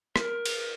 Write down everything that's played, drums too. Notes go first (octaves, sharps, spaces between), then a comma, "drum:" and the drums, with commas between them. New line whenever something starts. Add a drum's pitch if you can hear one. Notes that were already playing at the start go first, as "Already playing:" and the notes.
A#4, drum: rim click
drum: cymbal